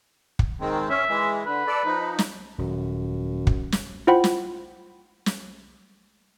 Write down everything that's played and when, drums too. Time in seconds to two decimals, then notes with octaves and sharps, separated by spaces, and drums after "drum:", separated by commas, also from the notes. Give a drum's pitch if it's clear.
0.39 drum: kick
0.60 D#3 G#3 C4
0.89 C#4 E5
1.09 E3 G#3
1.46 D3 B4
1.67 A4 D5
1.85 F3 D#4
2.19 drum: snare
2.58 D#1 F#2
3.47 drum: kick
3.72 drum: snare
4.07 E4 F4 C5 F#5 G5 B5
4.24 drum: snare
5.26 drum: snare